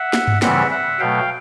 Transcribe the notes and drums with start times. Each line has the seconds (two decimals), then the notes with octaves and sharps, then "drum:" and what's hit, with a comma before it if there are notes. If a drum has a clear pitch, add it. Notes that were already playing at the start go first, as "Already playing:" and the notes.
Already playing: E5 F#5
0.13 drum: snare
0.28 drum: tom G2
0.42 C#3 E3 G3 C4 E5 F#5, drum: snare
0.70 E5 F#5
0.99 B2 F#3 A3 F5 G5